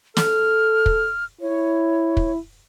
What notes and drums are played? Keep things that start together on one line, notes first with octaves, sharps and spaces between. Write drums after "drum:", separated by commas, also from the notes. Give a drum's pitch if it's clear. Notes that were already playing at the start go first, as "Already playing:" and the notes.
A4 F6, drum: snare
drum: kick
E4 C#5
drum: kick